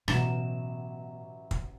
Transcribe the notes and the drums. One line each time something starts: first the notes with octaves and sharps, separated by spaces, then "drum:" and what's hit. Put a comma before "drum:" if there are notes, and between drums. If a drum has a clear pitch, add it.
A1 B2 F#3 E5, drum: rim click
drum: kick